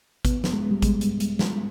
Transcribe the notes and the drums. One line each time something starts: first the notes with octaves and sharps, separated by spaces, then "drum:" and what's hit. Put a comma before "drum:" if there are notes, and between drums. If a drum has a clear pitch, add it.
B3, drum: kick G#1, hi-hat
drum: snare
G#3
G3
G#3, drum: kick G#1, hi-hat
drum: hi-hat
drum: hi-hat
drum: snare